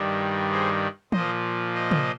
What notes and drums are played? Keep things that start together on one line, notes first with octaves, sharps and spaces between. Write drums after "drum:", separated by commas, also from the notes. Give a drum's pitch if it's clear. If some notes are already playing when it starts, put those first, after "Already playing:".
Already playing: G2 D#3 G3
G#4 C5
A#2 F3 C5 D#5, drum: tom
C5 D#5
drum: tom